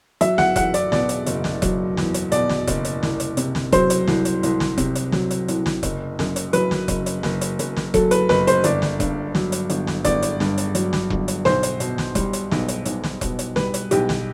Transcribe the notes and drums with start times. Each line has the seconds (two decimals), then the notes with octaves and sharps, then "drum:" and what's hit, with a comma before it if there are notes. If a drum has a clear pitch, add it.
0.21 F#3 E5, drum: hi-hat
0.38 F#5, drum: snare
0.56 E2 F#5, drum: kick E1, hi-hat
0.74 D5, drum: hi-hat
0.92 B2 D5, drum: snare
1.09 drum: hi-hat
1.26 F#1, drum: hi-hat
1.44 drum: snare
1.62 F#3, drum: kick E1, hi-hat
1.97 E2, drum: snare
2.14 drum: hi-hat
2.32 B2 D5, drum: hi-hat
2.49 drum: snare
2.67 F#1, drum: kick E1, hi-hat
2.85 drum: hi-hat
3.03 C2, drum: snare
3.20 drum: hi-hat
3.37 C3, drum: hi-hat
3.55 drum: snare
3.72 F#3 C5, drum: kick E1, hi-hat
3.90 drum: hi-hat
4.07 C2, drum: snare
4.25 drum: hi-hat
4.43 C2, drum: hi-hat
4.60 drum: snare
4.78 C3, drum: kick E1, hi-hat
4.95 drum: hi-hat
5.12 F#3, drum: snare
5.31 drum: hi-hat
5.48 C2, drum: hi-hat
5.66 drum: snare
5.83 F#1, drum: kick E1, hi-hat
6.19 F#2, drum: snare
6.36 drum: hi-hat
6.53 F#3 B4, drum: hi-hat
6.71 drum: snare
6.88 F#1, drum: kick E1, hi-hat
7.06 drum: hi-hat
7.23 F#1, drum: snare
7.41 drum: hi-hat
7.59 F#2, drum: hi-hat
7.76 drum: snare
7.94 F#3 A4, drum: kick E1, hi-hat
8.11 B4, drum: hi-hat
8.29 F#1 B4, drum: snare
8.47 C5, drum: hi-hat
8.64 G1 D5, drum: hi-hat
8.82 drum: snare
9.00 G2, drum: kick E1, hi-hat
9.35 F#3, drum: snare
9.52 drum: hi-hat
9.70 G1, drum: hi-hat
9.87 drum: snare
10.05 G1 D5, drum: kick E1, hi-hat
10.22 drum: hi-hat
10.40 G2, drum: snare
10.58 drum: hi-hat
10.75 F#3, drum: hi-hat
10.93 drum: snare
11.10 G1, drum: kick E1
11.28 drum: hi-hat
11.45 B1 C5, drum: snare
11.63 drum: hi-hat
11.80 B2, drum: hi-hat
11.98 drum: snare
12.15 G3, drum: kick E1, hi-hat
12.33 drum: hi-hat
12.51 B1, drum: snare
12.68 drum: hi-hat
12.85 B1, drum: hi-hat
13.04 drum: snare
13.21 B2, drum: kick E1, hi-hat
13.39 drum: hi-hat
13.56 G3 B4, drum: snare
13.74 drum: hi-hat
13.91 B1 G4, drum: hi-hat
14.09 drum: snare